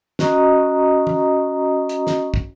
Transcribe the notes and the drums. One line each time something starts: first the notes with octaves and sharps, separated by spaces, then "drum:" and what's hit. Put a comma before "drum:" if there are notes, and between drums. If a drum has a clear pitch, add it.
C#4 F#4 D#5 A#5 C#6 D#6, drum: snare
drum: tom
drum: hi-hat
drum: snare
drum: kick